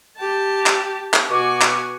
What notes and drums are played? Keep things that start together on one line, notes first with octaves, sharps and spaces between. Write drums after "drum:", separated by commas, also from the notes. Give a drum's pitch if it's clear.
G4 A5
drum: clap
drum: clap
B2 F#4 G#5 C#6 D6
drum: clap